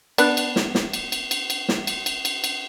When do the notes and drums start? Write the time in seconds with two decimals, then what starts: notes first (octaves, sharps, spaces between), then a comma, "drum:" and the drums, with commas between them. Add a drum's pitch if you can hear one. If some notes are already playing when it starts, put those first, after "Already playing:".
0.18 B3 D4 D5, drum: cymbal
0.37 drum: cymbal
0.56 drum: snare
0.75 drum: snare
0.93 drum: cymbal
1.12 drum: cymbal
1.31 drum: cymbal
1.50 drum: cymbal
1.69 drum: snare
1.87 drum: cymbal
2.06 drum: cymbal
2.25 drum: cymbal
2.44 drum: cymbal